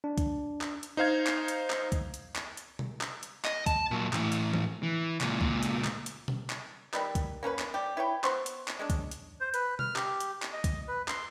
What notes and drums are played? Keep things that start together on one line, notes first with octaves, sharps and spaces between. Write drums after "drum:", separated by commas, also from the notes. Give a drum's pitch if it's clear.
D4
drum: kick C2, hi-hat
drum: clap
drum: hi-hat
D#4 C5 F5 G#6
drum: clap
drum: hi-hat
drum: clap
drum: kick C2, hi-hat
drum: hi-hat
drum: clap
drum: hi-hat
drum: tom B2
drum: clap
drum: hi-hat
D#5, drum: clap
A5, drum: kick C2, hi-hat
A#2 F#3
A2 E3, drum: clap
drum: hi-hat
drum: tom E3
E3
C#2 A#2, drum: clap
drum: kick C2
drum: hi-hat
drum: clap
drum: hi-hat
drum: tom B2
drum: clap
D#3 G3 B4, drum: clap
drum: kick C2, hi-hat
A#3 C#4 A#4 B4
drum: clap
G3 G4
E4 B4 C#5 G5
B3 C5 C6 C#6, drum: clap
drum: hi-hat
drum: clap
G#3 C#4 D4
drum: kick C2, hi-hat
drum: hi-hat
C5
B4, drum: hi-hat
F6, drum: tom B2
G4, drum: clap
drum: hi-hat
drum: clap
D#5
drum: kick C2, hi-hat
B4
C6, drum: clap